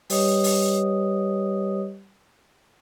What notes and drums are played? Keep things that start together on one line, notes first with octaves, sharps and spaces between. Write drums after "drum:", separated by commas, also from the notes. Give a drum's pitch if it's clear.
G3 G4 B4 C#5 D#5 D#6, drum: open hi-hat
drum: open hi-hat